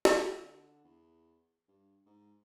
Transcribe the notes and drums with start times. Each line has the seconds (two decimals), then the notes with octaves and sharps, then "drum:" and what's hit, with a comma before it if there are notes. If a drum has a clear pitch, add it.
0.05 drum: snare
0.37 D3
0.84 E2
1.68 G2
2.06 G#2